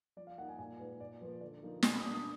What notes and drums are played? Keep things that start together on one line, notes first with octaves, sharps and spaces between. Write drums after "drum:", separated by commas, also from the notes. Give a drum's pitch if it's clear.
F3 D5
F5
A#3 D#4 F#5
G#5
A#2 G#5
G#3 D#4 B4
A#2 D5
F3 A#3 B4
D3 D5
F3 A#3 D#4
B2 G#5, drum: snare
B5
D#6
A#3 D4 D6
D#6